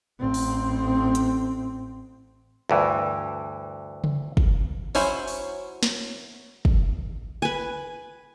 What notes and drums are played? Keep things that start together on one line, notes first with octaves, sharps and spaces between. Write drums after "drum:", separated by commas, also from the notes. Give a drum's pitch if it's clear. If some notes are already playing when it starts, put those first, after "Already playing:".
A1 C4
drum: open hi-hat
drum: hi-hat
D2 G2 E3
drum: tom C#3
drum: kick
F#3 C#4 E4 C5, drum: open hi-hat
drum: open hi-hat
drum: snare
drum: kick
B4 G#5